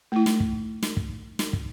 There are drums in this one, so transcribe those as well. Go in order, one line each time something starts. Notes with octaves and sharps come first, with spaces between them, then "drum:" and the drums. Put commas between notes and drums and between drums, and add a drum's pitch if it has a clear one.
A3 E4
drum: snare
drum: kick
drum: snare
drum: kick
drum: snare
drum: kick